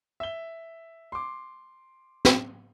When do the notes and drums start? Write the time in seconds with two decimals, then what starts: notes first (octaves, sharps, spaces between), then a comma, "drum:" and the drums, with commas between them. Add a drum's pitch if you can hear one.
0.20 E5 G7
1.12 C6 D6
2.25 drum: snare